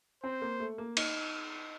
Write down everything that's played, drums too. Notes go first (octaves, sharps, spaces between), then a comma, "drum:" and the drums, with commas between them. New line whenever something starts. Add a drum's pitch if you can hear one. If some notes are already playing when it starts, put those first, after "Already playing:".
C4 C5
A#3
A3
A#3
D#4, drum: cymbal